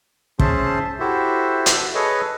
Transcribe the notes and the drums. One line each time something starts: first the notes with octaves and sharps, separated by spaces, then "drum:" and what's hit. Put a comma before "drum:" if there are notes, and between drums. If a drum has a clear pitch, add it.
C#4 G#4 C5 E5 A5 C6, drum: kick
E4 F#4 G4 A4 C5 E5
drum: hi-hat
G#4 A4 B4 C#5 D#5